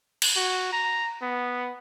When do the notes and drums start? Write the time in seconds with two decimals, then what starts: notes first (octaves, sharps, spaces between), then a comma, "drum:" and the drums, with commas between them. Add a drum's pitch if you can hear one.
0.22 drum: cymbal
0.36 F#4
0.72 A#5
1.22 B3